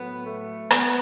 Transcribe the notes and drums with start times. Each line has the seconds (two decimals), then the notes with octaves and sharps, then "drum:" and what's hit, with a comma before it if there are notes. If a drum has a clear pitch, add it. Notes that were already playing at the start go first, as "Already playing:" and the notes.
Already playing: A2 F#3 B3
0.25 A3
0.70 B3, drum: rim click